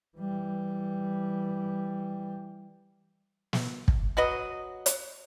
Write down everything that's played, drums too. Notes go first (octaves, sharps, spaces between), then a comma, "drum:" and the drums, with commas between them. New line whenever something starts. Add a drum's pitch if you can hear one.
E3 G3
drum: snare
drum: kick
F#3 F#4 B4 D#5
drum: hi-hat